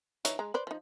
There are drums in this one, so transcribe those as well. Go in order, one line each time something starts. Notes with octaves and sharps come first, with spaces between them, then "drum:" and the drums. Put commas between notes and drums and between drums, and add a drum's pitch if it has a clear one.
E3 D#4 C#5, drum: hi-hat
G#3 A#5
B4 C5 D5
F3 D#4